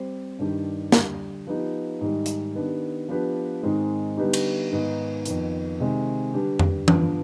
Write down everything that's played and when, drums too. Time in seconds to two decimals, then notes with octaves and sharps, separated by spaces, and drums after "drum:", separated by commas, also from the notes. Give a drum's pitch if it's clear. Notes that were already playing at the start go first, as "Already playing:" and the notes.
Already playing: G3 C4 G4 C5
0.38 G2 D#3 G3 D4 G4
0.92 D3 G3 D4, drum: snare
1.47 F3 B3 D#4 G4
2.01 G#2 D#3 G3
2.26 drum: hi-hat
2.55 D#3 B3 D4 G4
3.08 F3 B3 D4 G4 B4
3.63 G#2 D#3 G#3 C4
4.17 D3 G3 B3 D#4 G4
4.33 drum: cymbal
4.72 G#2 D#3 B3 D#4
5.25 F2 D#3 B3, drum: hi-hat
5.80 C3 D#3 G#3 C4
6.34 D3 G3 D4 G4 B4
6.59 drum: tom F2
6.88 G2 D3 F3 B3, drum: tom E3